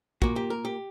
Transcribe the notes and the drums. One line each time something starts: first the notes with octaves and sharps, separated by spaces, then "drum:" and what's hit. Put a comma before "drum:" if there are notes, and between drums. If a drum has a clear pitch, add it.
A#2 A#3 F#4, drum: kick
G4
A#4
G4